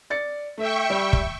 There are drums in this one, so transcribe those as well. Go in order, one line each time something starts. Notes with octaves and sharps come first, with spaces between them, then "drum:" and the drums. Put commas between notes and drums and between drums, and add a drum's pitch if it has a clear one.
D5 A6 C#7
A3 E5 G5 C#6
G3
drum: kick